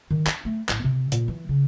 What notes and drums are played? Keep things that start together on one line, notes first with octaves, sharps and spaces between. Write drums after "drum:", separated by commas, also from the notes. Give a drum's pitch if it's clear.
D#3
D4, drum: clap
A3
A1, drum: clap
C3
A#2, drum: hi-hat
E3
C#3